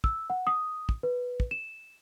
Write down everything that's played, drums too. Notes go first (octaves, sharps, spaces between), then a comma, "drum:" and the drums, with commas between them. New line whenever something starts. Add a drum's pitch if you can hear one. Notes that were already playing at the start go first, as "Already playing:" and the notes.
E6, drum: kick
F#5
D#6
drum: kick
B4
drum: kick
E7